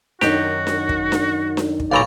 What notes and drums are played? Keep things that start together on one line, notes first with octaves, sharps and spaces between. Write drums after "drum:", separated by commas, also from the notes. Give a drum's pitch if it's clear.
F#2 D#3 D#4 F#4 G4, drum: snare D4
drum: snare D4
drum: kick
drum: snare D4
drum: snare D4
drum: kick
B1 A#2 D5 F5 A#5 B5 C#6